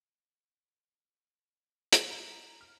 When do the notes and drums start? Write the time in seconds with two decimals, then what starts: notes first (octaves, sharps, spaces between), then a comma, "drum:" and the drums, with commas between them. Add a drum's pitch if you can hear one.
1.93 A#5, drum: hi-hat
2.11 A#5
2.61 F6